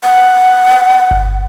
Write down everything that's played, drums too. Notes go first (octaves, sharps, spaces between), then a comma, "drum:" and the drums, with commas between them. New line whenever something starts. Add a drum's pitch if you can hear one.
F#5
drum: kick G1